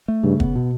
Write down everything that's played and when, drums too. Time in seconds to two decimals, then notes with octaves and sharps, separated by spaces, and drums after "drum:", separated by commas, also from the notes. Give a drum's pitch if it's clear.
0.08 A3
0.23 G2 C#3
0.40 B3, drum: kick
0.55 B2